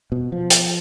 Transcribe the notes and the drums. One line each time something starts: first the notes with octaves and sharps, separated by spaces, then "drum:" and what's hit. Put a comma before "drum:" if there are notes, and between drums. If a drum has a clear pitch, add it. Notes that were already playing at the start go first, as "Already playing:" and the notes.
B2
F3
drum: hi-hat